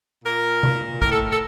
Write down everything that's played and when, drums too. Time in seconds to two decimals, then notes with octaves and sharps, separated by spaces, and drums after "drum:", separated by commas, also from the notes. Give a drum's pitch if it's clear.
0.24 A#2 A#4
0.63 A#2, drum: tom C3
1.02 A2 A#4, drum: kick
1.11 A4
1.31 A4